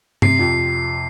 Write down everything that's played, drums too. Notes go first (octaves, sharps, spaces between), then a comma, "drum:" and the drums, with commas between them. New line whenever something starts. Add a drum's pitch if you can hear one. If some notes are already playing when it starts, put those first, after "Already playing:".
C3 C7, drum: tom G2
F2